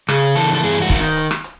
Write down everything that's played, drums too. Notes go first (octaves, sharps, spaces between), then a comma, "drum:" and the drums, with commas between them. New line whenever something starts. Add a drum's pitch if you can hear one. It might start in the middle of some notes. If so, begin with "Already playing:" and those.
C#3 G#4, drum: rim click
drum: hi-hat
E3 A4, drum: hi-hat
A4
G2 G#4
F#4
D#3, drum: kick
drum: open hi-hat
drum: hi-hat
drum: rim click
drum: hi-hat